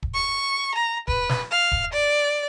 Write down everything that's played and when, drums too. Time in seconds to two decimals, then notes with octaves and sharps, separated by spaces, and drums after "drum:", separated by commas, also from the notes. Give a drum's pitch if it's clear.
0.03 drum: kick
0.14 C#6
0.75 A#5
1.08 B4, drum: kick
1.29 drum: snare
1.51 F5
1.72 drum: kick
1.93 D5